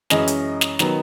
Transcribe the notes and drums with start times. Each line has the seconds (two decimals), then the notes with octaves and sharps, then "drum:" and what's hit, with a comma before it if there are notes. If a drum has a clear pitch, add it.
0.10 F#2 E3 G#3 C#4 D#5, drum: snare
0.28 drum: hi-hat
0.61 drum: snare
0.79 D#3 F#3 B3, drum: snare